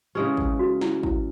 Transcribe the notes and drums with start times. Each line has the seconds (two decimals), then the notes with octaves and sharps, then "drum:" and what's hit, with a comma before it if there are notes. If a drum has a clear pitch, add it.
0.15 C#3 E3 G#3 C#4 G4
0.37 drum: kick G#1
0.59 F#4
0.81 E4, drum: snare
1.03 E4, drum: kick G#1